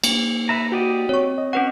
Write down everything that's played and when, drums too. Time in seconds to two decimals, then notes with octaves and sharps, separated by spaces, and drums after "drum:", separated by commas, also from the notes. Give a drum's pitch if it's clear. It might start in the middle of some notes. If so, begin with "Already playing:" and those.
0.04 A#3, drum: cymbal
0.49 B4 E5 A#5
0.72 F#4 G4 D5 D#5
1.09 C4 C#5 C#6
1.38 D#5
1.53 C#4 F#4 B4 F#5